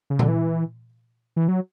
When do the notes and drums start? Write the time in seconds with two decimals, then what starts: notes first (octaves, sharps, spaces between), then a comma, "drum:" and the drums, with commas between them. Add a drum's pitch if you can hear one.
0.10 C#3
0.19 D3, drum: tom A#2
0.28 E3
1.36 E3
1.48 F#3